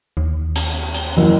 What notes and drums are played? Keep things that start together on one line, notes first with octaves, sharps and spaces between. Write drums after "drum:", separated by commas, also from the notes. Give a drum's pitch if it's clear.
D#2
drum: hi-hat
drum: hi-hat
F#1 E4